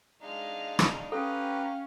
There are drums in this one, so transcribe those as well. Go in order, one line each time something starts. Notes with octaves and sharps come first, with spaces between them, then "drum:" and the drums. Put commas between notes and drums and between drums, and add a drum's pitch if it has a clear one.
G#3 D4 D#4 F5
drum: rim click
C#4 G4 A4 B4 F5 G5 A#5